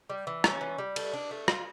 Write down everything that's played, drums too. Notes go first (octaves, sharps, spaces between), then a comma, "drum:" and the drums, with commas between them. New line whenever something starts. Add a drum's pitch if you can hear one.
G3
E3
C#4, drum: rim click
E3
G3
A3, drum: cymbal
D4
A3
F4, drum: rim click